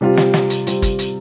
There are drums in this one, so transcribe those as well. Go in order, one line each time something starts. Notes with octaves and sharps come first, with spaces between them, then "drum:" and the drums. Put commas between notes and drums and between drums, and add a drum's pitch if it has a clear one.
C3 G3 C4 F4
drum: snare
drum: snare
drum: hi-hat
C3 G3 C4 F4, drum: hi-hat
drum: kick, hi-hat
drum: hi-hat